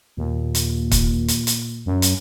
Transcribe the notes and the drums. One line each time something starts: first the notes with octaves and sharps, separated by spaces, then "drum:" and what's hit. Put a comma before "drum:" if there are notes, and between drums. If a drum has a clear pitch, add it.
D#2 A#2
drum: hi-hat
drum: kick, hi-hat
drum: hi-hat
drum: hi-hat
F#2
drum: hi-hat